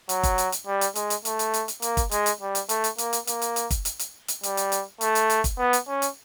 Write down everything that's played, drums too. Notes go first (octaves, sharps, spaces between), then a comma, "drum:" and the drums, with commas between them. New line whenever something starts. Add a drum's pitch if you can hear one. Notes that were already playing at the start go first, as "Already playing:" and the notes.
F#3, drum: hi-hat
drum: kick, hi-hat
drum: hi-hat
drum: hi-hat
G3
drum: hi-hat
G#3, drum: hi-hat
drum: hi-hat
A3, drum: hi-hat
drum: hi-hat
drum: hi-hat
drum: hi-hat
A#3, drum: hi-hat
drum: kick, hi-hat
G#3, drum: hi-hat
drum: hi-hat
G3
drum: hi-hat
A3, drum: hi-hat
drum: hi-hat
A#3, drum: hi-hat
drum: hi-hat
A#3, drum: hi-hat
drum: hi-hat
drum: hi-hat
drum: kick, hi-hat
drum: hi-hat
drum: hi-hat
drum: hi-hat
G3, drum: hi-hat
drum: hi-hat
drum: hi-hat
A3, drum: hi-hat
drum: hi-hat
drum: hi-hat
drum: kick, hi-hat
B3
drum: hi-hat
C#4
drum: hi-hat